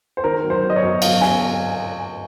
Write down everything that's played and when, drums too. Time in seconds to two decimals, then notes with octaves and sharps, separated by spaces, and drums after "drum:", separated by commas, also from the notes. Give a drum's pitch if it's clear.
0.17 C5
0.24 D#3 A#4
0.43 F#3
0.50 C5
0.63 F#3
0.70 D#5
0.76 C#5
0.83 F#2
1.02 F#3 F5, drum: cymbal
1.21 F#2 G#5, drum: snare